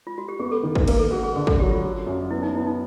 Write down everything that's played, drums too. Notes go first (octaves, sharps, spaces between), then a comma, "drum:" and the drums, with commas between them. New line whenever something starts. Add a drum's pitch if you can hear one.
F4
F#4
G4
B3 G#4
A4
D#3
B4, drum: kick
A#3 A#4, drum: cymbal
A4
F#4 G#4
G#4
D3 G#4
A4, drum: kick
F#3 G4
F4
F#3
F#2
B3 E4
D#4
B3 E4
D#4